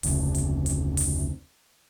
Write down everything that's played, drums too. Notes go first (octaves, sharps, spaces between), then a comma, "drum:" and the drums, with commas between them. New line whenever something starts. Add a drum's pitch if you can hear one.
F1 D2 C#3, drum: open hi-hat
drum: hi-hat
drum: hi-hat
drum: open hi-hat